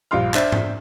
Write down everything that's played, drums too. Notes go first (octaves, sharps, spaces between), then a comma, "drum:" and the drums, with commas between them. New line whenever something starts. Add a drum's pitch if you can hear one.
A#1 G2 F4 C6 F6
D4 C5 E5, drum: clap
drum: tom G#2